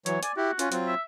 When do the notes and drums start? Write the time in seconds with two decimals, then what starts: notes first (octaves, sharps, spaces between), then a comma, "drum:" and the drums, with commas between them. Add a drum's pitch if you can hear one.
0.06 E3 F#3 C#5, drum: hi-hat
0.23 D5 G#5, drum: hi-hat
0.37 E4 F#4 G4
0.59 C#4 F4, drum: hi-hat
0.72 F#3 C4 F4, drum: hi-hat
0.88 E5